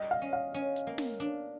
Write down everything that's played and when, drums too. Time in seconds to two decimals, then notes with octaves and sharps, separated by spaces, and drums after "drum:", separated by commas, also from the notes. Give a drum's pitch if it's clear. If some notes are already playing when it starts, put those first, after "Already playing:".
Already playing: G3 D#5
0.11 F5
0.22 C#4
0.33 F5
0.54 C#4, drum: hi-hat
0.76 drum: hi-hat
0.87 A#3
0.98 drum: snare
1.20 D4, drum: hi-hat